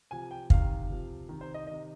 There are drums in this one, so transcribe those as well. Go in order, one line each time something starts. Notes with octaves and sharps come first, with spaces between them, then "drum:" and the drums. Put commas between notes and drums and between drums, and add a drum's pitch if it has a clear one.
C3 F3 G#5
G5
C3 D#3 F5, drum: kick
C3 F3
C3 D#3
C5
D#5
C3 D#3 D#5